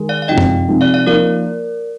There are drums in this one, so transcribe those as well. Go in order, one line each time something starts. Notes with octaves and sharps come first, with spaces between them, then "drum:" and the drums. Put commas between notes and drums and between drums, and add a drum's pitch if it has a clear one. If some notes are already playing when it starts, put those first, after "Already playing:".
Already playing: D#3 G#3
D5 F5
F5
C3 F3 G#3 D#4 D#5 G5
drum: tom F#2
C3 F3 G#3 D#4
D5 F5
D5 F5
F3 A#3 D#4 A#4 D5